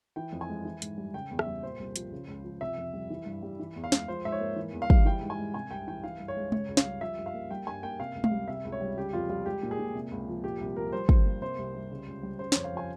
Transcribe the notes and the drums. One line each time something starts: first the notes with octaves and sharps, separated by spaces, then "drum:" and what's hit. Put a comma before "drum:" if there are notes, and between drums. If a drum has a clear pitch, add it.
E3 G5
F2
G#5
G#3
E3
G#2, drum: hi-hat
G3
C#3 G5
E2
E5, drum: rim click
G3
A#2 C5
C2
F3, drum: hi-hat
C#3
C#2
F3
C3 E5
F2
G3
E3
G2
G3
E3
E2
F5
G#3, drum: snare
F3 C5
G#2 E5
C#5
A#3
E3
E2
F5
G3, drum: kick
E3 G5
G#2
G#5
G#3
C3 G#5
C2 G5
E3 G5
E3 F5
G2
C#5
G#3
C#3 C#5, drum: tom G#3
C#2
F5, drum: snare
G3
F3 E5
G2
F5
A#3
G3 G5
G2 G#5
A#3 G5
C3 F5
C#2
F5, drum: tom G#3
G3
C3 E5
C#2
C#5
G3
C#3 G4
F2 F4
G3 F4
G#3 G4
A#2
G#4
A#2
C3
C#2
F3
A#2 G4
C2
F3 A#4
G3 C5
G2, drum: kick
A#3
C3 C5
C2
G3
C#3
C#2
G3
C#3 C5
F2 C#5, drum: snare
F5
F3 G#5